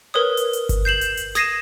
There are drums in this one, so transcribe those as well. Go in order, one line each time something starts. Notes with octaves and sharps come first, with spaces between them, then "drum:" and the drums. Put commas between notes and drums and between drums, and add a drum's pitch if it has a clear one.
A#4 B4 C#5 D#6
drum: hi-hat
drum: hi-hat
drum: kick G1, hi-hat
G6 C7 E7 F#7
drum: hi-hat
drum: hi-hat
D#6 G#6 A#6 C7 D#7 E7, drum: snare